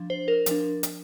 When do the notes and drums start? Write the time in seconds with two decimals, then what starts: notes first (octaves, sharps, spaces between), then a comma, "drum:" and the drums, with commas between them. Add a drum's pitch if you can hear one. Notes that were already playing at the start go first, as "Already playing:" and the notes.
Already playing: F3 D4
0.10 C5
0.28 A#4
0.46 F3 D4, drum: hi-hat
0.83 drum: hi-hat